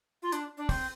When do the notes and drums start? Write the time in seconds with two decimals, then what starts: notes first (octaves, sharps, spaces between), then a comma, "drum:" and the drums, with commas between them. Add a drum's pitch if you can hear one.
0.22 F4
0.32 D4, drum: hi-hat
0.57 D4
0.69 C4, drum: kick, open hi-hat